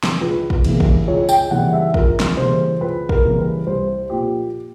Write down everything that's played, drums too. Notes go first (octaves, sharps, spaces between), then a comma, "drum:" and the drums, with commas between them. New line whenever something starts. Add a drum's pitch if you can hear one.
drum: snare
C#2 B4
drum: kick
C#3 E3 G3 A#3, drum: cymbal
drum: kick
C#2 C#5
G5, drum: tambourine
C#3 E3 G3 A#3 F#5
E5
C#2 A#4, drum: kick
drum: snare
C#3 E3 G3 A#3 C5
C#2 B4
A#4, drum: kick
C#3 E3 G3 A#3
B4
C2 C5
A#2 F3 A#3 G4